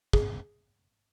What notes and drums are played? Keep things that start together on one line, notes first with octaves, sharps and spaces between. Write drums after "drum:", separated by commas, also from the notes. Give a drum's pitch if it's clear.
G#4, drum: kick